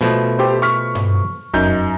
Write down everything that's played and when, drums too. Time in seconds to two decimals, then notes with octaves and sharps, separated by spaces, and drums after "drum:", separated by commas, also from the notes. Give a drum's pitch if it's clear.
0.01 B2 F3 A3
0.39 G4 A4 C5
0.62 C#6 F6 B6
0.95 drum: tom G2
1.54 F#2 D#4 G6, drum: kick F2